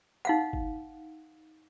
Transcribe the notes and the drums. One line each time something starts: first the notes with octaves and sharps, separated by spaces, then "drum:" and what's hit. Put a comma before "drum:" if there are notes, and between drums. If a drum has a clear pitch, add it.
D#4 F5 F#5
drum: kick G1